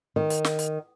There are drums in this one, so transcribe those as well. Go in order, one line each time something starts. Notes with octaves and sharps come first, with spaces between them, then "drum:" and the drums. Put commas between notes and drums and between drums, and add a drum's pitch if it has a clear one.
D#3
drum: hi-hat
drum: snare
drum: hi-hat